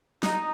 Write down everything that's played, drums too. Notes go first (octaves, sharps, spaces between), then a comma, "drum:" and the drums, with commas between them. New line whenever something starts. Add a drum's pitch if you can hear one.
D#4, drum: snare